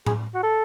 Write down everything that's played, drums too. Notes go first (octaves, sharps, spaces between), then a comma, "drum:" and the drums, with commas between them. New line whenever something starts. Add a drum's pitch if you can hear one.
G#4, drum: tom A2
F#4
A4